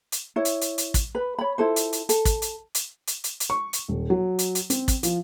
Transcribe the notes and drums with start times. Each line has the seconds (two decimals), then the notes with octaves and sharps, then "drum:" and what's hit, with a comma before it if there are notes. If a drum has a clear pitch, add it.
0.12 drum: hi-hat
0.36 E4 C#5
0.45 drum: hi-hat
0.61 drum: hi-hat
0.78 drum: hi-hat
0.94 drum: kick, hi-hat
1.15 B4
1.39 C#5 B5
1.58 E4 F4 A4 C5
1.76 drum: hi-hat
1.93 drum: hi-hat
2.09 A4, drum: hi-hat
2.25 drum: kick, hi-hat
2.42 drum: hi-hat
2.75 drum: hi-hat
3.07 drum: hi-hat
3.24 drum: hi-hat
3.40 drum: hi-hat
3.50 C#6
3.73 drum: hi-hat
3.88 D#1
4.10 F#3
4.39 drum: hi-hat
4.55 drum: hi-hat
4.70 C4, drum: hi-hat
4.88 drum: kick, hi-hat
5.03 F3, drum: hi-hat